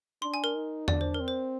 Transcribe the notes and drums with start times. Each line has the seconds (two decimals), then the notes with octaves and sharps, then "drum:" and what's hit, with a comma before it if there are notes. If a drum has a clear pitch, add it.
0.22 D4 C6
0.34 G#5
0.44 A#4
0.55 D#4
0.88 D4 D5, drum: tom E2
1.01 C5
1.14 A#4
1.21 C4
1.28 C5